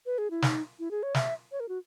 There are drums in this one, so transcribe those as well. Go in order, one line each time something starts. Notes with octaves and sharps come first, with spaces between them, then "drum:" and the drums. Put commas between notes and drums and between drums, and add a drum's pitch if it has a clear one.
B4
G#4
E4
D#4, drum: snare
E4
G#4
C#5
E5, drum: snare
C#5
A#4
F#4